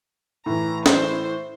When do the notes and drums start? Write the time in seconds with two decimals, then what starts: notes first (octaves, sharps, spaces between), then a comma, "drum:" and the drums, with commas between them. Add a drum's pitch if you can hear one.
0.46 A2 E3 A#5
0.86 C5, drum: snare